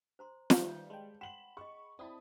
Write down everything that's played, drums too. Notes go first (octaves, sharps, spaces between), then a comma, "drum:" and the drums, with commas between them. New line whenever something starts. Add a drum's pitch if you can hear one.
C5 A#5 C6
D#3 G3 D#4 B4 F5 G6, drum: snare
G#3 C#5 G5 A5 C6
F#5 G5 B5 C6 E7 F#7
G#4 D#5 C#6
C4 E4 D5 A5 B5 D#6